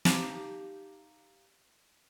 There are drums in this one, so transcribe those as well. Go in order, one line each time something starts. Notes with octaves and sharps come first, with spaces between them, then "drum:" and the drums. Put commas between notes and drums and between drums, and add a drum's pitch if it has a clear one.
D#4 G4 F5 A5, drum: snare